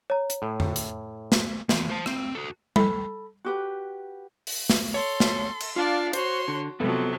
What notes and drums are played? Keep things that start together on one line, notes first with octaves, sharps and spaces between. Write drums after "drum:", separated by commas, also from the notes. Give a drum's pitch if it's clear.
C#5 A#5
drum: hi-hat
A2
drum: tom F2
drum: hi-hat
drum: snare
E3 B3, drum: snare
C5 A5
C4, drum: rim click
F#4 A4
A4 B5, drum: tom G3
F#4 G4 B4
drum: open hi-hat
drum: snare
A4 C#5 C6
drum: snare
drum: cymbal
D4 F4 D5 F5
F#4 C5 C#5 C6, drum: hi-hat
D3
C3 F3 F#3 B3 A4